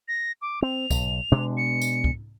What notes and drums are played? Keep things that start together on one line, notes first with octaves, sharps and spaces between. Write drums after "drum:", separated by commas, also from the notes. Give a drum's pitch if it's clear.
A#6
D6
C4 F7
B1, drum: kick, tambourine
B2 G#3 D4
C#7
drum: tambourine
drum: kick